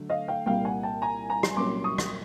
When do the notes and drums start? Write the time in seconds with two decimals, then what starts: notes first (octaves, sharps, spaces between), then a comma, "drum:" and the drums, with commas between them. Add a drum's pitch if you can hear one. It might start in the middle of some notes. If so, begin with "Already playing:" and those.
Already playing: D3 F#3 A3
0.09 D#5 F5
0.28 F5 G5
0.46 C2 A#2 G3 F5 G5
0.65 F#5 G#5
0.83 G5 A5
1.02 G#5 A#5
1.30 G#5 A#5
1.43 drum: rim click
1.56 C2 A#2 F#3 A#3 C#4 C6 D6
1.84 C#6 D#6
1.98 drum: rim click